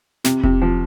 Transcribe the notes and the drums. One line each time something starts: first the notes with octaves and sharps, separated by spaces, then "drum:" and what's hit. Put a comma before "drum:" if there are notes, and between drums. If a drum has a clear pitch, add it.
C3, drum: snare
C3, drum: kick E1
F3